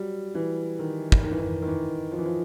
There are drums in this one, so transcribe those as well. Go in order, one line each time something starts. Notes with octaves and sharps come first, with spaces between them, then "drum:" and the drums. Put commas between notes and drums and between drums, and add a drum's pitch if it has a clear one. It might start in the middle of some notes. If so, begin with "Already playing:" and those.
Already playing: F#3 G3
E3
D#3
drum: kick
D#3
E3
D#3
D#3
E3
F3
E3
F3